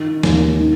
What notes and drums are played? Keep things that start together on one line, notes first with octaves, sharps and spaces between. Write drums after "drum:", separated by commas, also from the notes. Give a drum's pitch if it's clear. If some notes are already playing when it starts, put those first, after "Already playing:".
Already playing: D#3
D#2, drum: snare
D#3